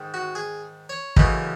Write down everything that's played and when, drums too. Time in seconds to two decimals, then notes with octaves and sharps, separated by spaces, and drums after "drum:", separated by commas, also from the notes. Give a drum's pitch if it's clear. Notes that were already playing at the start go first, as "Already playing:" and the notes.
Already playing: G#2 D#3
0.14 F#4
0.35 G#4
0.89 C#5
1.16 F#2 C#3 E3 A3 C#4 D#5, drum: kick